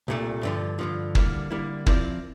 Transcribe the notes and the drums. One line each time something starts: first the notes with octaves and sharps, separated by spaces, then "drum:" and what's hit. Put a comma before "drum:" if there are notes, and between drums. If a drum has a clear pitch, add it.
C2 A#2 A3
G2 D3 F3
G2 D3 F3
D3 G3 A#3 E4, drum: kick
D3 G3 A#3 E4
F3 C4 E4 A#4 D5, drum: kick